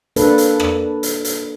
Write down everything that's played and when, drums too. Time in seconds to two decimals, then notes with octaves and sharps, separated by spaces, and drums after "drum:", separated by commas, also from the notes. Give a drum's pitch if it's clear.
0.16 A#3 D4 A4 B4, drum: hi-hat
0.38 drum: hi-hat
0.60 drum: rim click
1.03 drum: hi-hat
1.25 drum: hi-hat